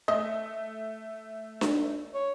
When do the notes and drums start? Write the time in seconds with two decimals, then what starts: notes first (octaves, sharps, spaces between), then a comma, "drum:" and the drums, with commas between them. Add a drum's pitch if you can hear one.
0.08 A3 D#5
1.61 drum: snare D4
2.14 C#5